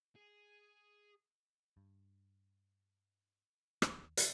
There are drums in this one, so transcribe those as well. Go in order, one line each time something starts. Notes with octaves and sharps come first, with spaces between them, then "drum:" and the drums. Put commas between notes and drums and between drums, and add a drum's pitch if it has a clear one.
G#4
G2
D#2, drum: rim click
E3, drum: hi-hat